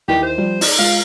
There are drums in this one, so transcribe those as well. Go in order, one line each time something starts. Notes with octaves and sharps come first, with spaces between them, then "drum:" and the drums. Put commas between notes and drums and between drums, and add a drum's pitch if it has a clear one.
D#2 D#3 E3 G4
C5
F3 G3
D#4 D5, drum: open hi-hat
G#3 F4 F5